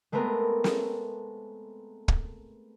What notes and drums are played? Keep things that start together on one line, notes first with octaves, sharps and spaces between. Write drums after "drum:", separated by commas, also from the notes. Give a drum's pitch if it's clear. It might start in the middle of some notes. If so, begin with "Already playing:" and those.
G#3 A3 B3 C4 A#4
drum: snare
drum: kick